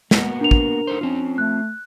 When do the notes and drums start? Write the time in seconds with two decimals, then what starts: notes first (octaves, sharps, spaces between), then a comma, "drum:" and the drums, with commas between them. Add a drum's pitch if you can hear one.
0.11 G#3 A#3 B3 F#4, drum: snare
0.41 D4 A#4 F7
0.51 drum: kick
0.87 D#4 A4 C5
1.01 C4 C#4 F4
1.38 A3 F#6